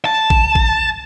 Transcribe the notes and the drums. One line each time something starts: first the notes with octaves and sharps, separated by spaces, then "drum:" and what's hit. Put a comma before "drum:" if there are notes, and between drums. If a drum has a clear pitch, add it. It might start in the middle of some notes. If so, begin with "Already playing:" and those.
A5
drum: kick A1
drum: kick A1